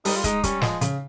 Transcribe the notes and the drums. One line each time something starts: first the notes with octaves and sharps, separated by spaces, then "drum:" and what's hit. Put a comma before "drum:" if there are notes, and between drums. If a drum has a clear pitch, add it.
G3 D#4, drum: open hi-hat
F4
G#3 D#4, drum: kick, hi-hat
G3 C#4, drum: kick, hi-hat
F3 G#3, drum: snare
C#3, drum: hi-hat